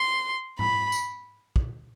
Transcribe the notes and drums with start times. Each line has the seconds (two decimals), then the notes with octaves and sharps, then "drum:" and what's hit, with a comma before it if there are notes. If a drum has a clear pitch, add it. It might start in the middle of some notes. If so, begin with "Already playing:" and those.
Already playing: C6
0.59 B5, drum: tom G#2
0.92 drum: tambourine
1.56 drum: kick